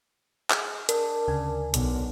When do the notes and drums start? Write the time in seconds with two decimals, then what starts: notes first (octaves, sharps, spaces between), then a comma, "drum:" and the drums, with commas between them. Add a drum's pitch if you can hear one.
0.50 G#3, drum: clap
0.89 D4 A#4, drum: hi-hat
1.28 D2 C#3 G#5
1.74 B1 D3, drum: hi-hat